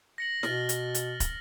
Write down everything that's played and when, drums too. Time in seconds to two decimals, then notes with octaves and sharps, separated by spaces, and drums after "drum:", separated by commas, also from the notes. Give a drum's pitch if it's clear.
0.18 A#6 C#7 F#7
0.43 B2 F6 A6 G7, drum: snare
0.69 drum: hi-hat
0.95 drum: hi-hat
1.20 drum: kick, hi-hat